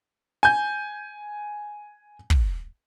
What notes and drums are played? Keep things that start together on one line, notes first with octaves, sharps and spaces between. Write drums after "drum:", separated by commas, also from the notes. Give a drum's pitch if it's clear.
G#5 G6
drum: kick